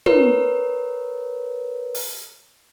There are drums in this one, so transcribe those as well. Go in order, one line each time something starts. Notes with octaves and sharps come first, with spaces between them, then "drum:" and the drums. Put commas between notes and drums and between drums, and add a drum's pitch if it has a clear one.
A#4 B4 C#5, drum: tom
drum: open hi-hat